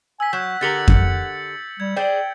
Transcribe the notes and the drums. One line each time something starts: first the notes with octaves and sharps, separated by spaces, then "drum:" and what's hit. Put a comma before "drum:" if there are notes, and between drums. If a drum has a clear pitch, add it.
G#5 E6 B6
F#3 F#5 G6 G#6
D3 G4 A#4 A6 C#7 F#7
drum: kick F2
G3 G#6
G#4 C5 D5 G5